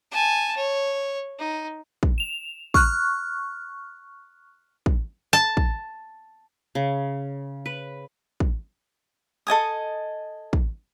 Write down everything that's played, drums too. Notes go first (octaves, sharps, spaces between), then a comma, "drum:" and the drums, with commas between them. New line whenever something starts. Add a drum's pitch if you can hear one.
G#5 A5
C#5
D#4
drum: kick
E7 F7
C#6 F6 F#6, drum: kick
drum: kick
A5
drum: kick
C#3
B4
drum: kick
A4 D#5 G#5 D#6
drum: kick